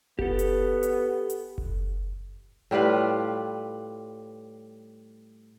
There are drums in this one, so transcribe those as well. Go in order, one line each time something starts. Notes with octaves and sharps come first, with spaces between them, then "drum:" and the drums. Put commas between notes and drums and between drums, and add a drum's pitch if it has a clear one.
B3 G4 A4, drum: kick F#1
drum: hi-hat
drum: hi-hat
drum: hi-hat
drum: kick F#1
A2 G3 F4 B4